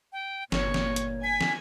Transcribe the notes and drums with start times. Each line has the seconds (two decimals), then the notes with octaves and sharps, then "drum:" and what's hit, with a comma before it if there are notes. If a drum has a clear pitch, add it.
0.12 G5
0.52 G1 A#2 C#5 C#6, drum: snare
0.74 drum: snare
0.96 drum: hi-hat
1.23 G#5 B6
1.41 drum: snare